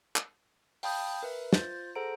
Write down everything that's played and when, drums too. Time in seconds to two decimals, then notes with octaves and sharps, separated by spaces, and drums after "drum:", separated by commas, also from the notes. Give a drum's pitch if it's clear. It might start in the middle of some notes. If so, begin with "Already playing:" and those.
0.16 drum: clap
0.83 F5 G5 A5 B5 D#6 G6, drum: open hi-hat
1.23 A#4 B4 E5
1.53 F4 C5 G6 A6, drum: snare
1.95 G#4 A4 C5 F#5 A#5 D7